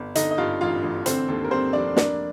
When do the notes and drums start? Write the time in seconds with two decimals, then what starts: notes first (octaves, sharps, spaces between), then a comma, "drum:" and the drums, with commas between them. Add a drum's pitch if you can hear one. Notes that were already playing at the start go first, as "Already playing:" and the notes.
Already playing: G1
0.15 D3 D#4 D#5, drum: hi-hat
0.31 D#5
0.38 G2 F4 F5
0.61 A1 F4 F5
0.83 A1
1.06 D3 C4 C5, drum: hi-hat
1.28 D#2 A4
1.44 A#4
1.51 G3 C4 C5
1.73 F1 D4 D5
1.97 A#3 D4 D5, drum: snare